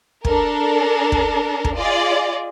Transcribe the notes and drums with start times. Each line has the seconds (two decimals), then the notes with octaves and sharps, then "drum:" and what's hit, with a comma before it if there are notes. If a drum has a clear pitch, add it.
0.25 D4 A4 A#4, drum: kick
1.12 drum: kick
1.64 drum: kick
1.77 F4 G#4 D5 D#5